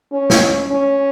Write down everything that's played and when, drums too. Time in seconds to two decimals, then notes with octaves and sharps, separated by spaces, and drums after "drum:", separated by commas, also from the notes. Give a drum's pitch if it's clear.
0.12 C#4
0.30 drum: snare
0.71 C#4